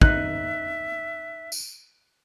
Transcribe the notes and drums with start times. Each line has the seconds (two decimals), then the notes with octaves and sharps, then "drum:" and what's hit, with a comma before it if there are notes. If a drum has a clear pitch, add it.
0.01 D#4 E5 F#6, drum: kick
1.52 drum: tambourine